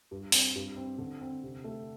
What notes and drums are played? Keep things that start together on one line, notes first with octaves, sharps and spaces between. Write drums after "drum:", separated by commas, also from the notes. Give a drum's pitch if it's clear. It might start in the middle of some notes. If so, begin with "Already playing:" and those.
G2
C4, drum: open hi-hat
G2
C4
D3
C4
C3
A3